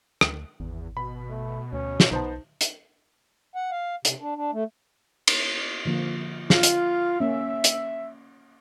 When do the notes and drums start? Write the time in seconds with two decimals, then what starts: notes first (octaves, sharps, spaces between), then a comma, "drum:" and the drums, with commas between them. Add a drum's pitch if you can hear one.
0.21 D2, drum: rim click
0.60 G#1 E2
0.97 B2 B5
1.30 A3
1.73 D2 C#4
2.00 drum: snare
2.11 B1 B3 D#4 C5 A5
2.61 drum: hi-hat
3.55 F#5
3.71 F5
4.05 C3, drum: hi-hat
4.20 D4
4.36 D4
4.53 A3
5.27 drum: cymbal
5.85 D3 F3 A#3
6.50 F4 F5, drum: snare
6.63 drum: hi-hat
7.20 A#3 C#4 E5
7.64 drum: hi-hat